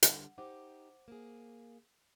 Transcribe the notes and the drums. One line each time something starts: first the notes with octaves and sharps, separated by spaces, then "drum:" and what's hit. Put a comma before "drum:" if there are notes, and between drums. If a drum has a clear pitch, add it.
D3 G3 F#5, drum: hi-hat
D#4 G4 C5 F#5 D6
A#3 G#4